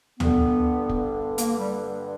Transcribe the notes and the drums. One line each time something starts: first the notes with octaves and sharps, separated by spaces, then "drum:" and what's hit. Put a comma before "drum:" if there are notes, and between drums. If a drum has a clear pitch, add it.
G2 D3 B3, drum: tom
drum: kick
A#3, drum: hi-hat
G3